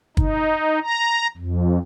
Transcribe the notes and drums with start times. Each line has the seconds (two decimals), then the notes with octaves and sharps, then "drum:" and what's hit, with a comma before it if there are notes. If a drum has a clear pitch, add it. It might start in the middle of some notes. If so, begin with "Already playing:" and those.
0.17 D#4, drum: kick
0.82 A#5
1.37 F2